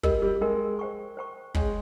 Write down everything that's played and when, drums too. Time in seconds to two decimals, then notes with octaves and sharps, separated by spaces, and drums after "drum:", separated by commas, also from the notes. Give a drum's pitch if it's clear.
0.03 G3 A#4 D#5 G5, drum: kick
0.22 G3
0.41 G#3 A#4 D#5 G5
0.79 C5 G5 C#6
1.17 C5 G5 C#6
1.54 G#3 G#4 C#5 G5, drum: kick